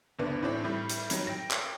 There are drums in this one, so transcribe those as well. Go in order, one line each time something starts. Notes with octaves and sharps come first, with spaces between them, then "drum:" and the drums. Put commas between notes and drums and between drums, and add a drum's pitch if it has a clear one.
F#1 D2 G2 B3 D4
A2 E3 C4 D4
A2 G3
drum: hi-hat
D#3 F#3 G3, drum: hi-hat
G5 A#6
drum: clap